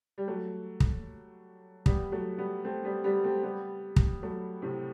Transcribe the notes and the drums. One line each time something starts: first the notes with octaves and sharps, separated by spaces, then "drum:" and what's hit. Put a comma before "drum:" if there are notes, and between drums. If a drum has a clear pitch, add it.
G3
F#3 A3
drum: kick
G3 B3, drum: kick
F#3 A3
G3 B3
A3 C4
G3 B3
G3 B3
A3 C4
G3 B3
drum: kick
F#3 A3
A2 C3